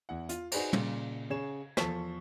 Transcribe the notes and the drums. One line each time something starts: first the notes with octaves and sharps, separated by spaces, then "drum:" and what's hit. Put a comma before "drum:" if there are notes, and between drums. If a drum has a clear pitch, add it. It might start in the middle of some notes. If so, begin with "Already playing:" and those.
E2 E4 F#5
F4, drum: hi-hat
D#4 F#4 G#4 B4 C5 D5, drum: cymbal
A#2 C#3, drum: tom
C#3 G#4 C#5 G#6 E7
E2 F3 A4 A5 C#6 B6, drum: snare